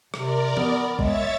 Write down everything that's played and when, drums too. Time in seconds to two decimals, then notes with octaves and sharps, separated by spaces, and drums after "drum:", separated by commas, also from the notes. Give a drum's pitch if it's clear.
0.14 C3 A#4 D5, drum: rim click
0.57 B3, drum: tom E3
0.99 G#3 C#5 E5 A6, drum: kick